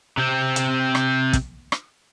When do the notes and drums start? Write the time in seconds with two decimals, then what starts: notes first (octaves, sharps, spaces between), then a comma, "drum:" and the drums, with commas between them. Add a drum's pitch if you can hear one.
0.17 C3 C4
0.56 drum: hi-hat
0.95 drum: rim click
1.33 drum: kick, hi-hat
1.72 drum: rim click